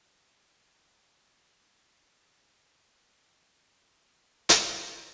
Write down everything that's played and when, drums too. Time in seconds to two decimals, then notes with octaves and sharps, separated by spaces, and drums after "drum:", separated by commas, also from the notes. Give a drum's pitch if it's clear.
0.05 D#4
0.41 C#4
0.67 A#4
0.85 C#5
1.31 A4
1.46 F#5
2.89 A4 D#5 F5 G5
3.06 D4 F#5 A#5
3.25 D4
4.49 drum: hi-hat
4.96 E4 F4 B4